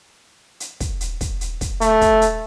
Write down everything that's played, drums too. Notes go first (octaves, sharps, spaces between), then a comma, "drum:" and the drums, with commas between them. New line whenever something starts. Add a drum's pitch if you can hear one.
drum: hi-hat
drum: kick, hi-hat
drum: hi-hat
drum: kick, hi-hat
drum: hi-hat
drum: kick, hi-hat
A3, drum: hi-hat
drum: kick, hi-hat
drum: hi-hat